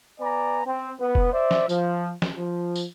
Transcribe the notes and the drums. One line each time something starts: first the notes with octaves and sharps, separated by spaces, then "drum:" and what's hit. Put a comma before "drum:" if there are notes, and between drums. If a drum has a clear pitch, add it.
B3 D5 G#5 A#5
C4
B3
drum: kick
C5 D5 E5
drum: snare
F3, drum: tambourine
drum: snare
F3
drum: tambourine